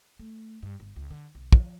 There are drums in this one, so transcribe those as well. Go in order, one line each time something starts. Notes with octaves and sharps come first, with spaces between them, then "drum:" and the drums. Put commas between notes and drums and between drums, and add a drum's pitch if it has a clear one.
A3
G2
G1
C#2
D3
B1
F3, drum: kick